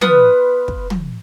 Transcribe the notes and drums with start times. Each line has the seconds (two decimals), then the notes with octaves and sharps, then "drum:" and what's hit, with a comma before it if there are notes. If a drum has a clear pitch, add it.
0.01 B3 F4 B4 D#6, drum: tom
0.68 drum: kick
0.90 drum: tom